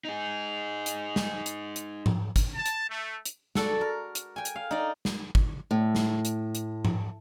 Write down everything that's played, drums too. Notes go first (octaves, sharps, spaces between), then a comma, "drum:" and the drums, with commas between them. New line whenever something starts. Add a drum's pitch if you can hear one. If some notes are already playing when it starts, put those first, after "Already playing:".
D#4 G#4
drum: hi-hat
drum: snare
drum: hi-hat
drum: hi-hat
drum: tom G#2
drum: kick, hi-hat
A5
drum: hi-hat
A3
drum: hi-hat
F#4 A4 D5, drum: snare
A#4
drum: hi-hat
G5 G#5
drum: hi-hat
F5
D#4 D5
drum: snare
drum: kick
A2
drum: snare
drum: hi-hat
drum: hi-hat
drum: tom G#2